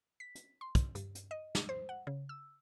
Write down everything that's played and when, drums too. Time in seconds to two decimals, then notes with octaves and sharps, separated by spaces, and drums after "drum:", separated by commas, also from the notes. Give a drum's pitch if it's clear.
0.20 B6
0.35 drum: hi-hat
0.61 C6
0.75 drum: kick, hi-hat
0.95 G2, drum: hi-hat
1.15 drum: hi-hat
1.31 D#5
1.55 drum: snare
1.69 C5
1.89 F#5
2.07 C#3
2.29 E6